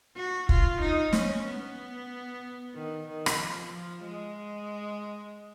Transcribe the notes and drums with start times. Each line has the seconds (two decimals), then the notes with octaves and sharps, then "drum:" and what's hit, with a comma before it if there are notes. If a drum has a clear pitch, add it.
0.17 F#4
0.49 F4, drum: kick
0.81 D#4
1.13 C#4, drum: snare
1.46 B3
2.74 D#3
3.07 D#3
3.26 drum: rim click
3.39 F3
3.72 F3
4.03 G#3